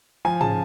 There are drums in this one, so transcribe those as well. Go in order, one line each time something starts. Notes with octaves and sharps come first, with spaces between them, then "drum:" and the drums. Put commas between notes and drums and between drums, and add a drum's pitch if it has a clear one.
F3 G#5
C#3 A5, drum: tom G#2